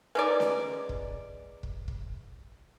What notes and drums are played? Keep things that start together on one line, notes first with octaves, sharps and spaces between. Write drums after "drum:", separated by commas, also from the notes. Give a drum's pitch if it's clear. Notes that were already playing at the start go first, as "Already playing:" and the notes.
G#3 D#4 B4 D5 D6
drum: snare C#4
drum: kick
drum: kick
drum: kick